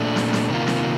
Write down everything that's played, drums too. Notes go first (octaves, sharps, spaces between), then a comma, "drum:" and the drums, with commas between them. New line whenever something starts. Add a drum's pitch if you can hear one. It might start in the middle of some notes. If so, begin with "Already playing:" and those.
Already playing: A#2 A3 D4
drum: snare
drum: snare
C3 D#3 A#3 F4
drum: snare